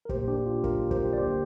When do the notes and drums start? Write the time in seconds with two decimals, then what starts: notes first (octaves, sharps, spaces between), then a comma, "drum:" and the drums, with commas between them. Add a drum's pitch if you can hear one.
0.05 A#4
0.09 A#2 A#3 G4 C5, drum: kick
0.28 D4 G4
0.46 F4
0.64 F4 A#4, drum: kick
0.91 G4 C5, drum: kick
1.13 D5
1.18 D2 D3 A#3 G4 C5